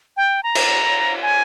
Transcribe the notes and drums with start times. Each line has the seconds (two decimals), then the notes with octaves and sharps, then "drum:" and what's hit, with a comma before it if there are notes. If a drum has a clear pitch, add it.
0.17 G5
0.43 A#5
0.55 drum: cymbal
1.22 G#5